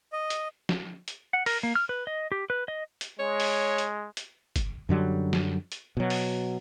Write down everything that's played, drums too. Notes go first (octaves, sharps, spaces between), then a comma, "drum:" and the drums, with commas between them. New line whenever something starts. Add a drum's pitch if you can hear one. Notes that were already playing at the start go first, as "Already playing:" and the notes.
D#5
drum: hi-hat
drum: snare
drum: hi-hat
F#5
A#4, drum: open hi-hat
A#3
F6
B4
D#5
G4
B4
D#5
drum: hi-hat
G#3 C#5
drum: open hi-hat
drum: hi-hat
drum: hi-hat
drum: kick, hi-hat
F#2 D3 F#3 G3
drum: snare
drum: hi-hat
B2 F#3
drum: open hi-hat